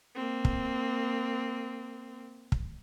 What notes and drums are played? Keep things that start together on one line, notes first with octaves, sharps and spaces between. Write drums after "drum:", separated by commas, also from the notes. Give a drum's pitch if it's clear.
A#3 C4
drum: kick
drum: kick